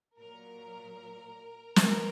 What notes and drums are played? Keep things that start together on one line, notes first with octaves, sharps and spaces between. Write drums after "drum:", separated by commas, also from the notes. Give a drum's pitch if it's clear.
A#2 F#3 A#4
A#4, drum: snare